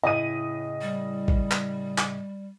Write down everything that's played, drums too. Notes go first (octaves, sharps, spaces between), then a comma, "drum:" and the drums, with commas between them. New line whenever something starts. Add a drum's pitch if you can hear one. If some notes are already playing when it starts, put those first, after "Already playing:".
A2 C#3 E4 D#5 D#7
G3
drum: kick A1
drum: clap
drum: clap